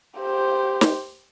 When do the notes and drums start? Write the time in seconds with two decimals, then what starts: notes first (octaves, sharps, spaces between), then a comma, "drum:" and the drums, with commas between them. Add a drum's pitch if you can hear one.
0.19 G4 C5
0.81 drum: snare